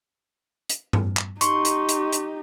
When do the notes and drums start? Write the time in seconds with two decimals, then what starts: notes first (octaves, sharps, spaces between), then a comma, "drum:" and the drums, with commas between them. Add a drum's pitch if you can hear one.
0.69 drum: hi-hat
0.93 drum: tom G2
1.17 drum: clap
1.41 D#4 G4 C6 C#6, drum: hi-hat
1.65 drum: hi-hat
1.89 drum: hi-hat
2.13 drum: hi-hat